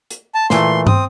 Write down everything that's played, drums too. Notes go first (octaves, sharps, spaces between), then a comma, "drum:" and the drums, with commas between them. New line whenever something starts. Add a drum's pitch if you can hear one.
drum: hi-hat
A5
A#2 E3 A3 C6, drum: snare
C4 D#6, drum: tom